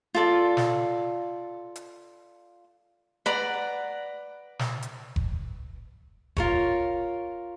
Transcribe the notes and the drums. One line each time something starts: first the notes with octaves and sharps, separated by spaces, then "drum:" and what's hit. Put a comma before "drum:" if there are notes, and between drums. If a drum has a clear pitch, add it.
F4 A4 D5
drum: snare
drum: hi-hat
B4 D5 F#5 A#5
drum: snare
drum: hi-hat
drum: kick F1
F4 A#4 C#5, drum: kick F1